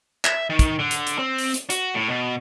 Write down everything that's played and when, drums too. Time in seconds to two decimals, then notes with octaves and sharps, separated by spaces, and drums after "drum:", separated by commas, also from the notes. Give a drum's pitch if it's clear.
0.25 E5, drum: clap
0.50 D#3
0.59 drum: kick, hi-hat
0.79 D3
0.91 drum: hi-hat
1.07 drum: hi-hat
1.19 C4
1.38 drum: open hi-hat
1.54 drum: hi-hat
1.70 F#4, drum: hi-hat
1.94 A2
2.08 B2